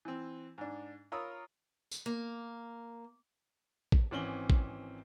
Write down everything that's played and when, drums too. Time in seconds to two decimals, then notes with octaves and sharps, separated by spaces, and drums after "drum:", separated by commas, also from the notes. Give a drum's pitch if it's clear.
0.05 E3 C4
0.58 G#2 D4
1.12 F4 A#4 C#5 B5 D#6 E6
1.91 drum: tambourine
2.06 A#3
3.92 drum: kick A1
4.11 G#1 E3 C4 C#4 F#7 G7
4.50 drum: kick A1